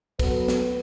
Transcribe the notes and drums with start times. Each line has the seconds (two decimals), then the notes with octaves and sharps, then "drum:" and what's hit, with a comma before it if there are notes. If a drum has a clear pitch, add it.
0.19 F#3 B3 A4 B4, drum: kick, cymbal
0.48 drum: snare